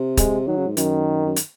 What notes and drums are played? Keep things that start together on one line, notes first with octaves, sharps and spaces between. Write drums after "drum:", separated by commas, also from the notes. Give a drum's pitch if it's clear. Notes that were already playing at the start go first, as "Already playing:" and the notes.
Already playing: C3
G#3, drum: kick, hi-hat
D#3 F#3
C#3
G#2
F#2 D#3, drum: hi-hat
F#2
drum: hi-hat